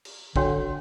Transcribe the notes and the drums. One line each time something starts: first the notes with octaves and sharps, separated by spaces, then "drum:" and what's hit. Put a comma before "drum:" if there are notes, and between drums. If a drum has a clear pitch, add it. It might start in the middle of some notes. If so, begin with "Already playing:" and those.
drum: cymbal
D3 D4 F#4 C#5 G5, drum: kick